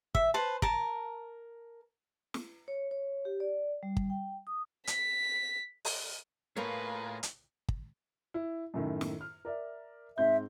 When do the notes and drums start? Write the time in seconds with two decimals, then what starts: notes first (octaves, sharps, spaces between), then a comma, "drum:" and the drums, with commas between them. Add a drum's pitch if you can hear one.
0.15 E5, drum: kick
0.34 B4 C5 A5
0.62 A#4 A5, drum: kick
2.34 drum: snare
2.68 C#5
2.91 C#5
3.25 G4
3.40 D5
3.83 G3
3.97 drum: kick
4.10 G5
4.47 D#6
4.87 B6, drum: hi-hat
5.85 drum: open hi-hat
6.56 A2 A#3 F4 G#4 A#4 B4 C#5 A#5
7.23 drum: hi-hat
7.69 drum: kick
8.34 E4
8.74 F#2 A2 D#3
9.01 drum: snare
9.21 F6
9.45 A#4 D5 E5
10.18 G#2 C4 E5 G6